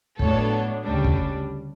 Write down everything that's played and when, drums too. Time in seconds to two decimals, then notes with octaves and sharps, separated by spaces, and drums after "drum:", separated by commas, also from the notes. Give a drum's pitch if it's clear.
0.19 A2 F#3 B3 D4 A4 C#5, drum: kick
0.83 D2 C#3 G3 D4
1.04 drum: kick